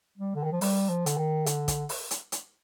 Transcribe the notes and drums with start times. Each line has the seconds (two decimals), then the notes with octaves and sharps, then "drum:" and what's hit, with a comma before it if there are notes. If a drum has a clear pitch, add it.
0.18 G3
0.35 D3
0.44 D#3
0.52 F3
0.61 G3, drum: open hi-hat
0.89 F3
1.06 D3, drum: hi-hat
1.18 D#3
1.46 D3, drum: hi-hat
1.68 drum: kick, hi-hat
1.89 drum: open hi-hat
2.11 drum: hi-hat
2.32 drum: hi-hat